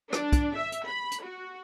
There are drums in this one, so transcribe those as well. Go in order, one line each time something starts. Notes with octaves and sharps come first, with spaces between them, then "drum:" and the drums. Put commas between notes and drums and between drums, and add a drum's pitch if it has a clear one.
D4, drum: rim click
drum: kick, hi-hat
E5
drum: hi-hat
B5
drum: hi-hat
F#4